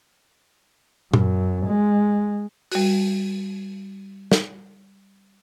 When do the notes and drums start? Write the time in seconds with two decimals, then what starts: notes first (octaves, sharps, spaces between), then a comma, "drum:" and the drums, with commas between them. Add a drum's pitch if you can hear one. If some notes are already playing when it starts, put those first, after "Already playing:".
1.14 F#2, drum: tom
1.67 G#3
2.72 G3 F#4, drum: open hi-hat
4.32 drum: snare